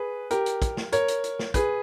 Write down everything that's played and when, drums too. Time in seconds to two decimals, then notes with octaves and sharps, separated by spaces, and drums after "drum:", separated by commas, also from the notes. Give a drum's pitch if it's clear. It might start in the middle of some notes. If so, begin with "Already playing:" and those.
Already playing: G#4 B4
0.31 G4 A#4, drum: hi-hat
0.46 drum: hi-hat
0.62 drum: kick, hi-hat
0.77 drum: snare
0.92 A#4 C#5, drum: hi-hat
1.08 drum: hi-hat
1.24 drum: hi-hat
1.39 drum: snare
1.54 G#4 B4, drum: kick, hi-hat